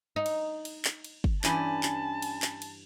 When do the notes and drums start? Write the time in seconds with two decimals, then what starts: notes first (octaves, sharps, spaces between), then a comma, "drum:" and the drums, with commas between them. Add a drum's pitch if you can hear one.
0.16 D#4
0.26 drum: cymbal
0.65 drum: cymbal
0.85 drum: clap
1.04 drum: cymbal
1.24 drum: kick
1.44 G2 E3 C#4 D5 G#5 A5 B5, drum: clap
1.83 drum: clap
2.22 drum: cymbal
2.42 drum: clap
2.62 drum: cymbal